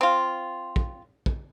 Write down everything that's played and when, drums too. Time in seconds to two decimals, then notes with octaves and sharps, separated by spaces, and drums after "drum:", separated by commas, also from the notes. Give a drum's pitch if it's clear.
0.01 C4 F4
0.76 drum: kick
1.26 drum: kick